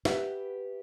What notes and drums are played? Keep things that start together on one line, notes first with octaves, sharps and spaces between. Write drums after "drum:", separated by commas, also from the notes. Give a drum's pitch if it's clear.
G4 B4 E5 F#5, drum: snare